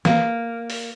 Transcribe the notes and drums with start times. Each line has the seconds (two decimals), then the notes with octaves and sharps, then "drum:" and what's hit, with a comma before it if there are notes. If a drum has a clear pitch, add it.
0.05 A#3, drum: snare E3
0.70 drum: open hi-hat